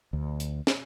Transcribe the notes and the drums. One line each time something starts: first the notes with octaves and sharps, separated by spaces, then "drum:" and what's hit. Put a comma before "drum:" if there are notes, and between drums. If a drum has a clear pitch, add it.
D2
drum: hi-hat
drum: snare